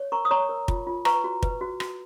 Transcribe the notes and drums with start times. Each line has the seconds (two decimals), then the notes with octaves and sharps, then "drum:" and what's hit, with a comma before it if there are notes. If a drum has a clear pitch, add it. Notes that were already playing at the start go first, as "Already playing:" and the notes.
Already playing: C#5
0.12 A#4 A#5 C#6
0.25 D#6
0.31 C#5 A#5 C#6
0.49 A#4
0.68 F4, drum: kick
0.87 F4
1.05 B4 A#5 C#6, drum: rim click
1.24 F#4
1.43 B4, drum: kick
1.61 F#4
1.80 F#4, drum: rim click